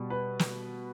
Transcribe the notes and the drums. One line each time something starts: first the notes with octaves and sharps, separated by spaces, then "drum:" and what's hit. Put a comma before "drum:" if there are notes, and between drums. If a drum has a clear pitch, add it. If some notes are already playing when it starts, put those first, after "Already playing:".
Already playing: B2 G3
B4
drum: snare